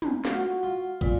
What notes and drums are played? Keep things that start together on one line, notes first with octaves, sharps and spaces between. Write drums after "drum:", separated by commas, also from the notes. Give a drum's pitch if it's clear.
drum: tom
F4 F#4, drum: snare
F4
A#2, drum: kick